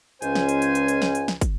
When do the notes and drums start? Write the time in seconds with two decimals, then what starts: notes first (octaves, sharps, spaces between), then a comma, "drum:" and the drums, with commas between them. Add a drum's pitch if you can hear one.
0.22 C#2 C#4 C5 G#5, drum: hi-hat
0.35 drum: snare
0.49 drum: hi-hat
0.62 drum: hi-hat
0.75 drum: hi-hat
0.88 drum: hi-hat
1.02 drum: snare
1.15 drum: hi-hat
1.28 drum: snare
1.41 drum: kick, hi-hat